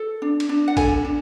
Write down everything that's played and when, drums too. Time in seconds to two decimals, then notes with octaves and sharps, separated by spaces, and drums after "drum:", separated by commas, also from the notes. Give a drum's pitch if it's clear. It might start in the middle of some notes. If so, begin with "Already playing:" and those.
Already playing: A4
0.22 D4
0.40 drum: cymbal
0.49 D4
0.68 F#5
0.77 A4 G#5, drum: kick, cymbal
1.05 D4